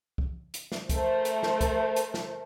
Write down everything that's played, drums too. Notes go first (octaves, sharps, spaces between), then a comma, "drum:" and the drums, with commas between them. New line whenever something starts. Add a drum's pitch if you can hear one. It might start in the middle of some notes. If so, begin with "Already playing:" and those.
drum: kick C2
drum: hi-hat
drum: snare
A3 A#4 C5, drum: kick C2, hi-hat
drum: hi-hat
drum: snare
drum: kick C2, hi-hat
drum: hi-hat
drum: snare